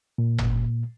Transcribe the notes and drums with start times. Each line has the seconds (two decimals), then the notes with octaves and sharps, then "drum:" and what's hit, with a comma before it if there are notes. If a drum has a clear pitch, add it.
0.18 A#2
0.38 drum: tom G1